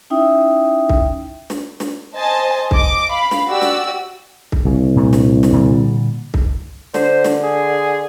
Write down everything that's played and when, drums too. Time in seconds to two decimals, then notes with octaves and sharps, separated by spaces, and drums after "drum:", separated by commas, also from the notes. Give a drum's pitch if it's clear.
0.10 C#4 D#4 E4 E5 G5 D#6
0.89 drum: kick C2
1.50 drum: snare
1.80 drum: snare
2.14 C5 D#5 G#5 A5
2.71 D#5 D6, drum: kick C2
3.12 F5 B5
3.31 drum: snare
3.47 F#4 G4 D5 E6
3.62 drum: snare
4.52 drum: kick C2
4.65 C2 C#3
4.96 A#2 A3
5.13 drum: snare
5.43 drum: snare
5.52 A#2 D3 G3
6.34 drum: kick C2
6.94 D3 C5, drum: snare
7.24 drum: snare
7.44 G#4